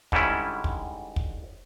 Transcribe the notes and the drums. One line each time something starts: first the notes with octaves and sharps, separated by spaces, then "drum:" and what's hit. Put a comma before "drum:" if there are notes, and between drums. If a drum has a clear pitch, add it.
G#2 D3 G3 C#4 E4, drum: kick
drum: kick
drum: kick